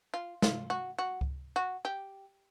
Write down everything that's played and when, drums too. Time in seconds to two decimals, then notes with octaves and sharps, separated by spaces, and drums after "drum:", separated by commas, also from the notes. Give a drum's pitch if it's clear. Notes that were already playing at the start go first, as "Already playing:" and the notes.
0.14 F4
0.42 F4, drum: snare
0.70 F#4
0.99 F#4
1.21 drum: kick C#2
1.56 F#4
1.85 G4